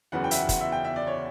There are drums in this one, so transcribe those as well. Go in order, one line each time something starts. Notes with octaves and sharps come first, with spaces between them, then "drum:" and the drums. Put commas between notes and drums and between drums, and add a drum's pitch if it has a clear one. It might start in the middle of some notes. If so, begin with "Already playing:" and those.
F#1 E2 C#3 F#3 B3 F#5
G5
E5, drum: hi-hat
F#5
F#5, drum: kick, hi-hat
E5
G5
E5
D5
C#5